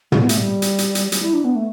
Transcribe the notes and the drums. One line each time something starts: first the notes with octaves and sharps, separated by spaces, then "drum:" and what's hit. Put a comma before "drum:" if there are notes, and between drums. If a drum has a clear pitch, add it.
G3, drum: tom
B3
A3, drum: hi-hat
G3
drum: hi-hat
drum: hi-hat
drum: hi-hat
G3, drum: hi-hat
E4
D4
B3
A3